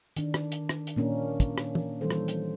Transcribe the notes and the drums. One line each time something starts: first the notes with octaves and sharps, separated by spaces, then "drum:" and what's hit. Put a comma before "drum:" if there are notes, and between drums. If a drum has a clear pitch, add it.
D#3 D4, drum: hi-hat
drum: rim click
drum: hi-hat
drum: rim click
drum: hi-hat
A#2 A#3 C#4 D4 A#4
drum: kick, hi-hat
drum: rim click
drum: tom
D#3 E3 G3 D4 A4 C5
drum: rim click
drum: hi-hat